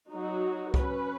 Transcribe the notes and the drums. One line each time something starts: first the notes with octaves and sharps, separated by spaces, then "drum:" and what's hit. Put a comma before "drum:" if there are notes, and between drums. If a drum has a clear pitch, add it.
F#3 D#4 F#4
C#4 B4, drum: kick